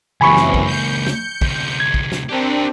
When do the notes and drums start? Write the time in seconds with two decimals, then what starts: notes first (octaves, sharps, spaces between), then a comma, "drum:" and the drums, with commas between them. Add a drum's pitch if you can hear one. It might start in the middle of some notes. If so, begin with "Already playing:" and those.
0.21 C#2 F#2 C3 E3 A#3 G#5 B5 C#6
0.37 drum: snare
0.54 drum: kick
0.66 G6 C#7
1.07 drum: snare
1.41 D2 C3, drum: kick
1.80 G#6
1.94 drum: kick
2.12 drum: snare
2.29 C4 D4 G4 A#4